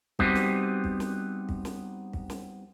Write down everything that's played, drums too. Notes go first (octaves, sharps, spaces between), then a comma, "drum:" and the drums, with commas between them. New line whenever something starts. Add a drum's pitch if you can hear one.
G3 B3 C4 D#4 F#4 G4, drum: kick
drum: snare
drum: kick
drum: snare
drum: kick
drum: snare
drum: kick
drum: snare